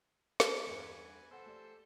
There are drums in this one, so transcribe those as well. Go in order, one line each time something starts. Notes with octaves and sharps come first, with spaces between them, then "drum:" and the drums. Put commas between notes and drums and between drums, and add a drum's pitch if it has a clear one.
drum: snare
E2 G2 B4 G#5
A4 C5 F#5 G#5 E6
A3 G4 D5